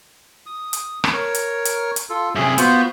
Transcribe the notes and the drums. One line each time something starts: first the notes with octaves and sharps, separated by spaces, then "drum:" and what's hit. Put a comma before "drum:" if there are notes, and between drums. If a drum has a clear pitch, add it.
D#6
drum: hi-hat
drum: rim click
A#4 C#5
drum: hi-hat
drum: hi-hat
drum: hi-hat
F4 A4
F#2 C3 G#4 E5
B3 F4 F#4 C5, drum: hi-hat